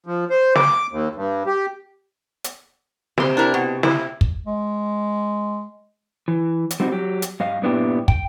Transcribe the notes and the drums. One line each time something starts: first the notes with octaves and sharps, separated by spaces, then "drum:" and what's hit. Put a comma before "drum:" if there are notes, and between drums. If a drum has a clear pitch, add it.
F3
C5
D6, drum: snare
D#2
G2
G4
drum: hi-hat
C3 C6, drum: snare
D4 E4 A#4
B2
E4, drum: snare
drum: kick
G#3
E3
drum: hi-hat
G3 C4 D#4 F#4
F#3 G4
drum: hi-hat
G2 D#5 F5
G2 A#2 B3 D4 E4 G4
G5, drum: kick